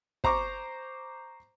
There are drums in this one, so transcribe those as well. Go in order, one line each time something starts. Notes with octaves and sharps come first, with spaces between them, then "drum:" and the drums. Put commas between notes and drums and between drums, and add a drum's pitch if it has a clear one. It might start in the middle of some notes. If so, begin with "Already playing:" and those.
C5 A#5 C#6 D6, drum: kick